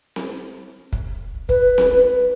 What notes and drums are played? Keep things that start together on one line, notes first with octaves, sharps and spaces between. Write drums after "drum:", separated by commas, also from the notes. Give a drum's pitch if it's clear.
drum: snare C4
drum: kick
B4, drum: kick
drum: snare C4